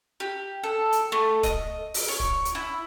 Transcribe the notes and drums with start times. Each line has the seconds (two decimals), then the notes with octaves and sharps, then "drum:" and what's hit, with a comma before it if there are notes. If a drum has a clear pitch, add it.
0.20 G4
0.64 A4
0.92 drum: hi-hat
1.12 A3
1.43 D#5, drum: kick D1, hi-hat
1.94 drum: open hi-hat
2.08 C#5
2.20 drum: kick D1
2.45 drum: hi-hat
2.55 E4